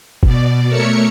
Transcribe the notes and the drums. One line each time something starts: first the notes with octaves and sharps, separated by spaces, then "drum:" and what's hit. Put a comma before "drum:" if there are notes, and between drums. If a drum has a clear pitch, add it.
B2 D5, drum: kick
A3 A#4 C#5 E5 C#7